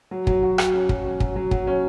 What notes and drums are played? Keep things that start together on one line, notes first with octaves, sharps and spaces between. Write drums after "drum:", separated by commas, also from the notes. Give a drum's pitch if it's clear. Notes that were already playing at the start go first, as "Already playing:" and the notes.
F#3
F#3, drum: kick
F#4
F#4, drum: rim click
C#4
F#3, drum: kick
C#4
F#3, drum: kick
F#3
F#3, drum: kick
C#4